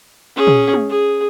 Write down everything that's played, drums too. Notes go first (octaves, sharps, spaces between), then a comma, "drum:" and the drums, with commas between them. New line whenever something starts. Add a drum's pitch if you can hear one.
C#4 G#4
drum: tom
drum: tom G#3
G#4